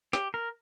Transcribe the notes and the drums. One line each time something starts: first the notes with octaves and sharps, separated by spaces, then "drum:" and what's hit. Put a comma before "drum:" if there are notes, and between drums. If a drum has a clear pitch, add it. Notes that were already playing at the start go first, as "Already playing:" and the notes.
G4, drum: snare
A#4